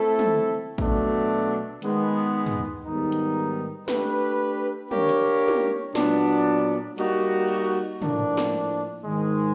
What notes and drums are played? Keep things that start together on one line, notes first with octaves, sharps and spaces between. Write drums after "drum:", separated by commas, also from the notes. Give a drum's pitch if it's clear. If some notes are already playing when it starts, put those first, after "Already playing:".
Already playing: A3 C4 E4 A4
drum: tom
B2 F#3 A3 D4, drum: kick A1
D#3 G#3 B3, drum: hi-hat
drum: tom
G#2 D#3 G3 B3 D#4
drum: hi-hat
A3 D4 G4 B4, drum: snare
A#3 D4 G4 A#4 C#5, drum: tom
drum: hi-hat
drum: tom
A#2 F#3 B3 D4, drum: snare
G3 A#3 D#4 F#4, drum: hi-hat
drum: cymbal
A2 F3 A#3 D4, drum: tom
drum: snare
G#2 D#3 G#3